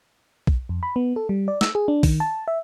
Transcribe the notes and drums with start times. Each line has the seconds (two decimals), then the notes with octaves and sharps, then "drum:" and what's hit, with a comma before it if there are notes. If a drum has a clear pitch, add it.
0.47 drum: kick B1
0.69 F2
0.83 B5
0.96 B3
1.16 A4
1.29 G3
1.48 D5
1.61 E6, drum: snare
1.75 G#4
1.88 D4
2.03 D#3, drum: kick B1, open hi-hat
2.20 A5
2.48 E5